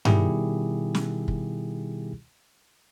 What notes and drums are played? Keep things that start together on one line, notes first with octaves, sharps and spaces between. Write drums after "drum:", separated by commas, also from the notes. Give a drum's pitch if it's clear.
B2 D#3 G3 E4 G4 G#4, drum: tom G2
drum: snare
drum: kick